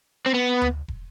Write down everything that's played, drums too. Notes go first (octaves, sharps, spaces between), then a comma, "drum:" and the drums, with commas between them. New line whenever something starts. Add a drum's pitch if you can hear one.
C4
B3
drum: tom D2
drum: kick